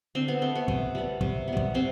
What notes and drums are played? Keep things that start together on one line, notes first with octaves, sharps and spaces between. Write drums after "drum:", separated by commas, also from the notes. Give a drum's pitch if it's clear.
D3 C4
B3
A3 C4
B3
C3, drum: kick
G3 B3
C3, drum: kick
G3 B3
drum: kick
C3 C4